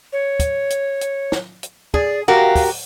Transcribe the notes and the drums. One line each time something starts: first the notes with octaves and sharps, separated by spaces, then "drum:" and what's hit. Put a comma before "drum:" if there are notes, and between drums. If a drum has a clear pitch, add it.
C#5
drum: kick, hi-hat
drum: hi-hat
drum: hi-hat
drum: snare
drum: hi-hat
G#4 D5, drum: kick
F#4 G4 A#4 F5
drum: kick, open hi-hat